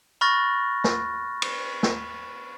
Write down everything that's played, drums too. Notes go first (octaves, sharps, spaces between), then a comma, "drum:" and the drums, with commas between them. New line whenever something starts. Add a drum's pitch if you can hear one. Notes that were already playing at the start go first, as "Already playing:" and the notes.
B5 C#6 F6 F#6 A6 A#6
drum: snare
drum: cymbal
drum: snare